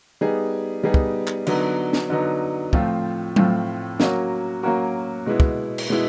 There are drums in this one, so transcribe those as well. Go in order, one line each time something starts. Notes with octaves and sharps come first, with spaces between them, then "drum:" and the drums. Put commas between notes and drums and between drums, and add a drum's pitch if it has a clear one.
G3 B3 D#4 G#4
G3 B3 D#4 G#4
drum: kick
drum: clap
D3 F#3 B3 D#4, drum: cymbal
drum: snare
D3 F#3 B3 D#4
A2 F3 A3 C4 F4, drum: kick
A2 F3 A3 C4 F4, drum: tom F#3
F#3 A#3 C#4 F#4 A#4, drum: snare
F#3 A#3 C#4 F#4 A#4
B2 G#3 B3 E4
drum: kick
drum: cymbal
B2 G#3 B3 E4